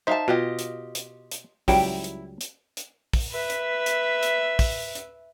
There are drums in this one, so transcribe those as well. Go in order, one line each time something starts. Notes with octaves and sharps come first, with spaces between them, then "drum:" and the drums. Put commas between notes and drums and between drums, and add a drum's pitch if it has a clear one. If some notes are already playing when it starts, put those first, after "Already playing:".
D#4 C5 E5 F5 A5
B2 F4 G4 D#5
drum: hi-hat
drum: hi-hat
drum: hi-hat
C#2 F#3 G3 E4 G5, drum: kick, open hi-hat
drum: hi-hat
drum: hi-hat
drum: hi-hat
drum: kick, open hi-hat
B4 E5
drum: hi-hat
drum: hi-hat
drum: hi-hat
drum: kick, open hi-hat
drum: hi-hat